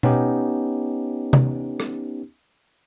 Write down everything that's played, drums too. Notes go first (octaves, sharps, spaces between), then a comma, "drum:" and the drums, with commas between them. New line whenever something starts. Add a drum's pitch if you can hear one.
B3 C#4 D#4 G4, drum: tom B2
drum: tom C3
drum: rim click